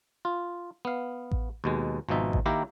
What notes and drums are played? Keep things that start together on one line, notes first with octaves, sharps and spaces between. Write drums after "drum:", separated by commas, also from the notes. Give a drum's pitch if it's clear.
F4
B3 F5
drum: kick A1
D#2 B2 G#3
G#1 B2 F3 D#4 E5
drum: kick A1
D#3 A#3 E4 G4 A#4